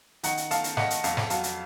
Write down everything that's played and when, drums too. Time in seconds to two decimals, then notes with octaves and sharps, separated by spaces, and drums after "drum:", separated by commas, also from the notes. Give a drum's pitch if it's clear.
0.23 D#3 F#5 A#5, drum: hi-hat
0.37 drum: hi-hat
0.51 A3 F5 A5, drum: hi-hat
0.64 drum: hi-hat
0.77 A3 D#5 F#5, drum: snare
0.90 drum: hi-hat
1.04 F2 F5 A5, drum: hi-hat
1.17 drum: snare
1.30 F#3 F5 A5, drum: hi-hat
1.43 drum: hi-hat